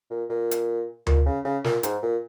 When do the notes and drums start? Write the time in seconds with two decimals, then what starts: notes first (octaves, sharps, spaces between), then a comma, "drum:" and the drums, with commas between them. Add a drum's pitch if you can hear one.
0.10 A#2
0.29 A#2
0.51 drum: hi-hat
1.07 A#2, drum: tom D2
1.26 C#3
1.45 C#3
1.64 A#2, drum: snare
1.83 G#2, drum: hi-hat
2.03 A#2